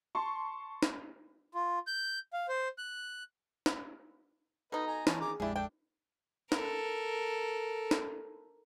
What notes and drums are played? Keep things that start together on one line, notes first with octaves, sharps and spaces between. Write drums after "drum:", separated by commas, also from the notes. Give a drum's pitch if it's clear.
A5 C6 C#6
drum: snare
F4
G6
F5
C5
F#6
drum: snare
B2 D#4 A4 B4 D#5
G#5 A#5
E3 C#4 G#5 A5 D#6 A6, drum: snare
D#3 G#4 G5 G#5 A#5 D6
A#1 F2 G#3 D4 E4 G4 G#4
D4 A4 G5
A4 A#4, drum: snare
drum: snare